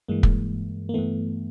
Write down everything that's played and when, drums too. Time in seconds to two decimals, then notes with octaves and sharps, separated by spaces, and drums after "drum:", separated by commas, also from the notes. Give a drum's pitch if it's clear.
0.08 G2 E3 G#3 A#3
0.23 drum: kick
0.89 A#3
0.94 G2 E3 A3 B3